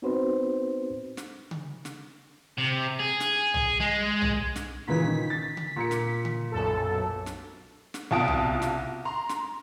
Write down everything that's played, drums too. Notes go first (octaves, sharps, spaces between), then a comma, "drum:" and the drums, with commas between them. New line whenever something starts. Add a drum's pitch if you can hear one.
B3 C4 D#4 F#4 B4 C5
drum: snare
drum: tom C#3
drum: snare
C3
G#4
drum: snare
drum: tom
G#3
drum: tom
drum: snare
A#2 C#3 E3 B6
D#3
A6
drum: tom C#3
A#2 A#4 C#7
drum: snare
drum: tom C#3
B1 F#2 A4
drum: snare
drum: snare
C2 B2 F4 A5 D#6 D7
drum: tom
drum: snare
A#5 C6
drum: snare